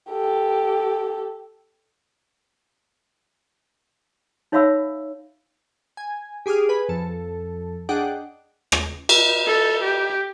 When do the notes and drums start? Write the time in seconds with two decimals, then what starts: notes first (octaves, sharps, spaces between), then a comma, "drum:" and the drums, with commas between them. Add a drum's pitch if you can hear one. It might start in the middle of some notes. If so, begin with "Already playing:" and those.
0.11 G4 A4
4.52 D#4 C#5 E5 F5 B5 E6
5.97 G#5
6.46 G4 G#4 D6 D#6 F6
6.69 B4 G#5 B5
6.89 F2 A4
7.89 D4 G#4 D#5 F#5 G5 D6
8.72 drum: rim click
9.09 drum: cymbal
9.47 A4
9.84 G4